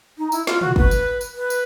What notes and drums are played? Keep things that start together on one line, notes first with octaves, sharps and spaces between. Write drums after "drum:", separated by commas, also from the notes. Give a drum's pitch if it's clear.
D#4
E4, drum: tambourine
F4, drum: snare
F#4, drum: tom
B4, drum: kick
drum: tambourine
drum: tambourine
B4
drum: tambourine